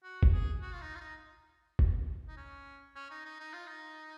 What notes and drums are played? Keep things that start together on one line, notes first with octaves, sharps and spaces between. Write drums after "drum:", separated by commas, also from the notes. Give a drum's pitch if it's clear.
F#4
drum: kick
G#4
F#4
F4
D#4
F4
D#4
drum: kick
D#4
C#4
C#4
D#4
D#4
D#4
F4
D#4